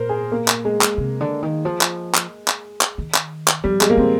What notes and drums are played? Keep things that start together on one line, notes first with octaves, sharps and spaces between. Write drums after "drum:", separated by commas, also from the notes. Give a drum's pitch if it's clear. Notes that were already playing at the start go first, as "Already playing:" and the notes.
Already playing: A#2 A#4 C5
G#4
A#3
drum: clap
G#3
drum: clap
C3
D3
D#3
F3
drum: clap
drum: clap
drum: clap
drum: clap
D#3
drum: clap
drum: clap
F3 G3
G#3, drum: clap
A#3
D#3 C4